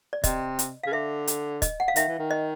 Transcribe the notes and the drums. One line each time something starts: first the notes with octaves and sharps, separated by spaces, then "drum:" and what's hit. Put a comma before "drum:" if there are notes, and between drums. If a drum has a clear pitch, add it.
D5
C3 D#5, drum: kick, hi-hat
drum: hi-hat
C#3 F5
D3 E5
drum: hi-hat
D#5, drum: kick, hi-hat
F#5
F5
D#3 E5, drum: hi-hat
E3
D#3
D#5